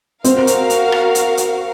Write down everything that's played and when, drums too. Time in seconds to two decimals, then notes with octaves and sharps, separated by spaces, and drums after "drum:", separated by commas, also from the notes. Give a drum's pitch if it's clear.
0.24 C4 F#4 A#4 F5, drum: hi-hat
0.47 drum: hi-hat
0.70 drum: hi-hat
0.92 drum: rim click
1.15 drum: hi-hat
1.37 drum: hi-hat